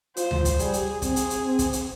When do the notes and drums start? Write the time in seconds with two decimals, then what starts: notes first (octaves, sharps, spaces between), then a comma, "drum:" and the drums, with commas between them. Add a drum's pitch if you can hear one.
0.17 F4 C5, drum: hi-hat
0.31 drum: tom D2
0.45 drum: kick, hi-hat
0.59 G3 G#4, drum: hi-hat
0.73 drum: hi-hat
1.02 C4 G#4, drum: kick, hi-hat
1.16 drum: hi-hat
1.30 drum: hi-hat
1.45 C4
1.59 drum: kick, hi-hat
1.73 drum: hi-hat